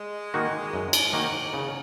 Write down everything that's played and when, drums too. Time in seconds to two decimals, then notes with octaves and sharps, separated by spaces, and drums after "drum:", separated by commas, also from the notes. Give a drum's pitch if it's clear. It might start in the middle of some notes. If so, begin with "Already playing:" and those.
Already playing: G#3
0.34 D#3 A#3 D#4 F#4
0.73 F#2
0.93 drum: cymbal
1.13 D#3 A#3 D#4 F#4
1.54 C#3